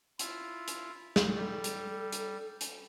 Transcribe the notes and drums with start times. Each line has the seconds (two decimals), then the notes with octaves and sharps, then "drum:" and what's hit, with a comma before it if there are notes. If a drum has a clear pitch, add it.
0.19 E4 F4, drum: hi-hat
0.68 drum: hi-hat
1.16 drum: snare
1.36 G3 A4
1.64 drum: hi-hat
2.12 drum: hi-hat
2.61 drum: hi-hat